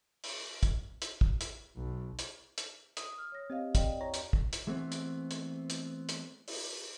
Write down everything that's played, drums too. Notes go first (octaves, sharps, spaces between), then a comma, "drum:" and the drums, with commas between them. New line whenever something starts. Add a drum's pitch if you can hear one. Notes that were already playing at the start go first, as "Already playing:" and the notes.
drum: open hi-hat
drum: kick, hi-hat
drum: hi-hat
drum: kick
drum: hi-hat
B1
drum: hi-hat
drum: hi-hat
D#6, drum: hi-hat
F6
C#5 A#6
C4 G4 D#5 F5
D5 D#5 G5, drum: kick, hi-hat
E2 C#5 A#5
drum: hi-hat
drum: kick
drum: hi-hat
E3 G#3 A3 B3 C4
drum: hi-hat
drum: hi-hat
drum: hi-hat
drum: hi-hat
drum: open hi-hat